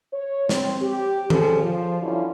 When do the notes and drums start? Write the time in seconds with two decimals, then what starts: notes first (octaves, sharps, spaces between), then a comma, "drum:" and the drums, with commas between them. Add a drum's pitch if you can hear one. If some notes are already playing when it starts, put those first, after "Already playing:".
0.13 C#5
0.49 C4, drum: snare
0.82 G4
1.30 F3 G3 C#4 G#4 A4, drum: tom D#3
1.63 F3
2.02 G2 D3 F#3 C#4 E4 F4